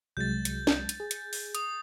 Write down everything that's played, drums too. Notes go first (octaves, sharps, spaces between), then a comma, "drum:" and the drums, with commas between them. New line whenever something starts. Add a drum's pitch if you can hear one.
C2 F#3 G#3 G6 A6
drum: hi-hat
drum: snare
drum: hi-hat
G#4
drum: hi-hat
drum: open hi-hat
D#6, drum: hi-hat